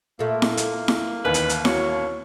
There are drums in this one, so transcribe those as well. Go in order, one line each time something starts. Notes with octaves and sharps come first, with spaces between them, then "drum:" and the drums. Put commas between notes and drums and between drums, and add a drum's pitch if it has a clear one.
A#2 A3 A#3
drum: snare E4
drum: hi-hat
drum: snare E4
A1 D#2 D#3 B4
drum: hi-hat
drum: hi-hat
F#4 C#5, drum: snare E4